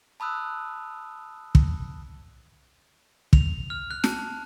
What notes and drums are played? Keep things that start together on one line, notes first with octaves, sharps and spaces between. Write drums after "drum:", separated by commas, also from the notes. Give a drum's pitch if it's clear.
A5 B5 D#6 E6 F#6
drum: kick
F7, drum: kick
F6
F#6
A5, drum: snare